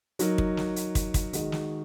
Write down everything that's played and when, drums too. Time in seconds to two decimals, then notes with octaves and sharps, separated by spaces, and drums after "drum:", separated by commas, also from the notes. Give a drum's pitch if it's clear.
0.19 F#3 D#4 A#4, drum: hi-hat
0.38 drum: kick
0.57 drum: snare
0.76 drum: hi-hat
0.95 drum: kick, hi-hat
1.14 drum: kick, hi-hat
1.33 D#3 G#3 F#4 D#5, drum: hi-hat
1.52 drum: snare